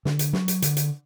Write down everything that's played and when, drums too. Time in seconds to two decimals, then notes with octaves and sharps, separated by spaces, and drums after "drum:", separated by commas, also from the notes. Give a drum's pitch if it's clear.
0.05 D3, drum: snare
0.19 drum: hi-hat
0.33 F#3, drum: snare
0.48 drum: hi-hat
0.62 D3, drum: hi-hat
0.77 drum: hi-hat